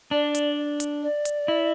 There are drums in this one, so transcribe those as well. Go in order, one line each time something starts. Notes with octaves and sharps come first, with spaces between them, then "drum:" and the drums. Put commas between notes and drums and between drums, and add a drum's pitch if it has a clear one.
D4 D5
drum: hi-hat
drum: hi-hat
D5
drum: hi-hat
E4